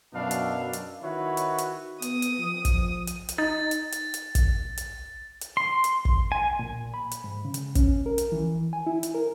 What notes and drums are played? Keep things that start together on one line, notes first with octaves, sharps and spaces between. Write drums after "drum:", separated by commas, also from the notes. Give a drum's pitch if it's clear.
F#2 B2 F#3 D4 E5 F5
drum: hi-hat
drum: hi-hat
D#3 E4 F#4 B4 C#5
drum: hi-hat
drum: hi-hat
B3 D#6, drum: hi-hat
drum: hi-hat
F3
drum: kick, hi-hat
drum: hi-hat
drum: hi-hat
D#4 A6
drum: hi-hat
drum: hi-hat
drum: hi-hat
drum: kick, hi-hat
drum: hi-hat
drum: hi-hat
C6
drum: hi-hat
drum: kick
G#5
A#2
B5
drum: hi-hat
G#2
C#3
drum: hi-hat
C#4, drum: kick, hi-hat
A#4
drum: hi-hat
E3
G#5
E4
drum: hi-hat
A#4